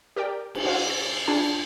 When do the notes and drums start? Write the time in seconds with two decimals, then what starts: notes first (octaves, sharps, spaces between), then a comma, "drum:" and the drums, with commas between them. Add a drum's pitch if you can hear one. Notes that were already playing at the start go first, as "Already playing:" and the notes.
0.16 G4 A#4 D5 G5
0.55 drum: cymbal
0.65 F#4 C5 F5 F#5
0.90 A6
1.28 D4 E4 F4 G#4 G#5 A5